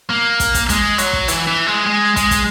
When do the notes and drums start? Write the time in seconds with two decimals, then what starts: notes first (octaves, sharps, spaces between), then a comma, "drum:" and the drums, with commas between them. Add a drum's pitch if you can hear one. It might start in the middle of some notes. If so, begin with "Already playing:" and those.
0.10 A#3
0.40 drum: kick, hi-hat
0.54 drum: kick, hi-hat
0.69 G#3, drum: kick, hi-hat
0.98 F#3, drum: hi-hat
1.13 drum: kick
1.28 E3, drum: hi-hat
1.47 E3
1.67 G#3
1.87 G#3
2.16 G#3, drum: kick, hi-hat
2.31 drum: kick, hi-hat